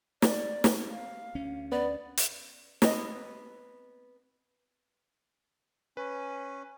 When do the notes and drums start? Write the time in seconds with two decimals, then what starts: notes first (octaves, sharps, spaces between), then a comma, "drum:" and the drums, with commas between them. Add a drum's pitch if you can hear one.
0.22 D5, drum: snare
0.64 drum: snare
0.89 F5
1.35 D2 C#4
1.72 B3 D5
2.17 drum: hi-hat
2.82 B3 C4 D#5, drum: snare
5.97 C#4 B4